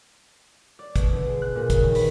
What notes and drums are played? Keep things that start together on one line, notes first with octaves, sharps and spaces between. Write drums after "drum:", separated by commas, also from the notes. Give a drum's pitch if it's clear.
D5
B2, drum: kick, hi-hat
D3
G#4
F#6
A#2
C#3, drum: kick, hi-hat
D#3
B4, drum: open hi-hat